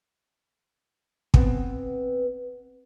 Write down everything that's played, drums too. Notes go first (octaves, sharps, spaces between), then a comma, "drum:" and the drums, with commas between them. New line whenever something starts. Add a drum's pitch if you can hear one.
B3 C4 B4 F#5 G#5, drum: kick